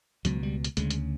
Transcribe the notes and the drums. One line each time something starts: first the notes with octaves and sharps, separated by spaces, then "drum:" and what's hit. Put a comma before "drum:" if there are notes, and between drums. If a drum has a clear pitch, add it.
C#2 B2 F#3, drum: hi-hat
G3
drum: hi-hat
D2 C#3 G#3, drum: hi-hat
drum: hi-hat